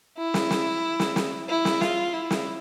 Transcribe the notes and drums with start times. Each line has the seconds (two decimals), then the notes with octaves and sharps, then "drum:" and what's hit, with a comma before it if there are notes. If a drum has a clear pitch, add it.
0.18 E4
0.34 drum: snare
0.50 drum: snare
1.00 drum: snare
1.16 drum: snare
1.49 E4
1.65 drum: snare
1.81 F4, drum: snare
2.14 E4
2.30 drum: snare